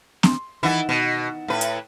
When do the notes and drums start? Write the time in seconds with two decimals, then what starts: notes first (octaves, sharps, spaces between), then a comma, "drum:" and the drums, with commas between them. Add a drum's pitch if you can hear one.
0.23 C6, drum: snare
0.63 D#3 E3 E4 F#5 A6
0.89 B2
1.48 A2 B4
1.61 drum: hi-hat